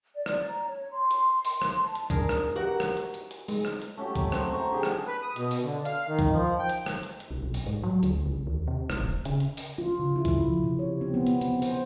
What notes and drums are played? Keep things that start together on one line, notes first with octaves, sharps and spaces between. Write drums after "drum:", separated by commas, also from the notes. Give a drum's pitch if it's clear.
D5
drum: rim click
A#5
C#5
C6
drum: hi-hat
drum: open hi-hat
drum: rim click
A5
drum: hi-hat
D4 G#4 A#4, drum: kick, hi-hat
drum: rim click
F#4 G4 A#4 B4 F#5
drum: rim click
drum: hi-hat
drum: hi-hat
drum: hi-hat
G#3, drum: open hi-hat
drum: rim click
drum: hi-hat
A3 C#4 F#4 G4
F#3, drum: kick, hi-hat
C4, drum: rim click
C5 A#5 C#6
D3 G4 G#4 G5
drum: rim click
B4
D#6
B2, drum: hi-hat
drum: open hi-hat
D3
F5, drum: hi-hat
D#3
drum: kick, hi-hat
F3
G5
drum: hi-hat
drum: rim click
drum: hi-hat
drum: hi-hat
C2
B1
drum: open hi-hat
G#2
F#3
D2, drum: hi-hat
C#2
D#2
C3
A1, drum: rim click
D1
C#3, drum: hi-hat
drum: hi-hat
drum: open hi-hat
F4
C#3
E4
drum: kick, hi-hat
F3
C3
C#5
C4
B3
drum: hi-hat
C4, drum: hi-hat
C5, drum: open hi-hat